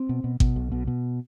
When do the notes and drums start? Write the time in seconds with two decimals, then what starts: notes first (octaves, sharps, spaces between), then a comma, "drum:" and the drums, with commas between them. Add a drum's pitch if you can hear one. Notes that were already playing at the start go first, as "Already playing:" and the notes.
Already playing: C4
0.09 B2
0.24 B2
0.40 B2, drum: kick G#1
0.56 B1
0.72 B2
0.87 B2